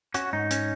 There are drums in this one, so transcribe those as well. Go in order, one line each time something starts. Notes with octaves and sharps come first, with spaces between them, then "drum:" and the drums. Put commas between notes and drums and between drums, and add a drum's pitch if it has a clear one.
C#4 F#4, drum: hi-hat
G#2 D#4
C#4, drum: hi-hat